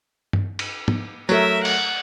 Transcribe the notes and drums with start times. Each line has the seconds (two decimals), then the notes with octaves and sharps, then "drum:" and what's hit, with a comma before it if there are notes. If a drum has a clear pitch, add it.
0.33 drum: tom G2
0.59 drum: cymbal
0.88 drum: tom
1.29 F#3 A3 A#4 E5, drum: tambourine
1.65 F#5, drum: cymbal